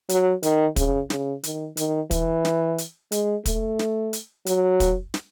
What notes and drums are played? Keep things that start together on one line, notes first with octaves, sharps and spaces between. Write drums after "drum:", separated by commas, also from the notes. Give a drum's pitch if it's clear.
F#3, drum: hi-hat
D#3, drum: hi-hat
C#3, drum: kick, hi-hat
C#3, drum: snare
D#3, drum: hi-hat
D#3, drum: hi-hat
E3, drum: kick, hi-hat
drum: snare
drum: hi-hat
G#3, drum: hi-hat
A3, drum: kick, hi-hat
drum: snare
drum: hi-hat
F#3, drum: hi-hat
drum: kick, hi-hat
drum: snare